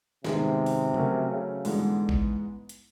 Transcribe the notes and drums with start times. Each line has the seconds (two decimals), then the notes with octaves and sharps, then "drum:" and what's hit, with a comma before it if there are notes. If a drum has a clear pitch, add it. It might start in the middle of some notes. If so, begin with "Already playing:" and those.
0.24 G#2 C3 D#3 G#3 B3, drum: snare
0.66 drum: open hi-hat
0.94 F#3 A3 C#4 F#4 A#4, drum: tom C3
1.30 C#3
1.65 G#2 D3 E3 G#3 B3, drum: open hi-hat
2.09 drum: kick A1
2.69 drum: hi-hat